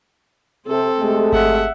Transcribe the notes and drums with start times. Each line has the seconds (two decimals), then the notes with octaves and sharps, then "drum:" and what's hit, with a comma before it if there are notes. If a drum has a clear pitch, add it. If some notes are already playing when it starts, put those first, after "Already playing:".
0.67 C3 C4 A4
0.99 C3 G#3 A3
1.32 E5 F#5, drum: kick G1